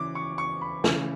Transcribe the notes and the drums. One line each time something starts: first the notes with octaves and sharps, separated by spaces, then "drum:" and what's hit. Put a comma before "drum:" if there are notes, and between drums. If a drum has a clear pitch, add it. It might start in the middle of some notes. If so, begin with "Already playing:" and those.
Already playing: C#3 E3 D6
C#6
C#6
B5
C#3 E3, drum: snare